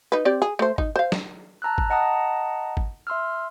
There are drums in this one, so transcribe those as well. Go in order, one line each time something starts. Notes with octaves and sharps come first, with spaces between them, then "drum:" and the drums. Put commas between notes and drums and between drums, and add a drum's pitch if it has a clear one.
D#4 B4
C4 G4 D5
G#4
A3 C5
D#4, drum: kick
C5 F5
drum: snare
A5 A#5 E6 F#6
drum: kick
D#5 F#5 A5 A#5 D#6
drum: kick
E5 C6 E6 F6